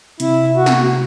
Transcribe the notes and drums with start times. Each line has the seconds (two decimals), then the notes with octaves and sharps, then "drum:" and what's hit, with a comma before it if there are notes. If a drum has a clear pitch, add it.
0.20 C3 E4, drum: hi-hat
0.56 F#4
0.66 drum: snare